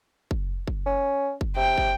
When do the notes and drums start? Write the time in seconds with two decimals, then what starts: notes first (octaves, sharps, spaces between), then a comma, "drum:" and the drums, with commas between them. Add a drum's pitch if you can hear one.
0.31 drum: kick
0.67 drum: kick
0.86 C#4
1.41 drum: kick
1.57 C3 G5
1.78 drum: kick